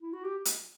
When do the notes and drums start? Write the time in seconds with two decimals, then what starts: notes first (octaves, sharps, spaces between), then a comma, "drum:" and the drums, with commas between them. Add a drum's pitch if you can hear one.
0.02 E4
0.13 F#4
0.24 G4
0.45 drum: hi-hat